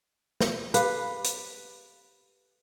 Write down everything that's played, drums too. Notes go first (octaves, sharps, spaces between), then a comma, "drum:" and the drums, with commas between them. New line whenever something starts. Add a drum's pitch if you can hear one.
drum: snare
G4 A4 B4 F5, drum: hi-hat
drum: hi-hat